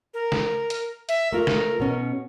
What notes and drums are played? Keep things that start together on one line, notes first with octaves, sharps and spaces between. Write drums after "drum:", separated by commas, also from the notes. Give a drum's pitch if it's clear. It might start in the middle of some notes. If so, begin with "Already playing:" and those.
A#4
drum: snare
drum: hi-hat
E5, drum: hi-hat
A3 F4 A#4
drum: snare
B2 C#4 D#4